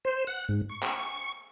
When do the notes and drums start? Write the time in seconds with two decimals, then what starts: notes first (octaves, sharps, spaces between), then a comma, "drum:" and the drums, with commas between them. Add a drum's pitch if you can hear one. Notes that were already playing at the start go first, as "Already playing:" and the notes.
0.05 C5
0.27 F#5
0.49 G#2
0.69 C#6
0.82 drum: clap